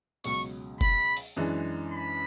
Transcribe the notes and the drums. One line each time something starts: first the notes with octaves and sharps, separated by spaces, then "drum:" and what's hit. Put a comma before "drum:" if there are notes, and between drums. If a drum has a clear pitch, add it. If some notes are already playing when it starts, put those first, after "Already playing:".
C#2 B2 F#3 C#6, drum: open hi-hat
B5, drum: kick F1
drum: open hi-hat
F#2 E3 G#3 D4
B5